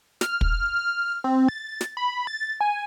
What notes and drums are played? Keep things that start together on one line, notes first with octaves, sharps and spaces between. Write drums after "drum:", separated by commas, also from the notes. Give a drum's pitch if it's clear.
F6, drum: snare
drum: kick
C4
A6
drum: snare
B5
A6
G#5